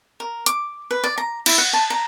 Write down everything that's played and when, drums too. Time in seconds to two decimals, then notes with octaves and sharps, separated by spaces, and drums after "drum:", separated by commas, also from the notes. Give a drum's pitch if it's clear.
0.20 A#4
0.46 D6, drum: hi-hat
0.91 B4
1.04 D5
1.18 A#5
1.46 E4, drum: cymbal
1.58 F#5
1.73 A5
1.90 A#5